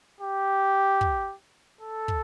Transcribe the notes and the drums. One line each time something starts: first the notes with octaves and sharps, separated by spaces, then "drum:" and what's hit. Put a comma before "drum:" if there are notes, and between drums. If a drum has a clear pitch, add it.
G4
drum: kick
A4
drum: kick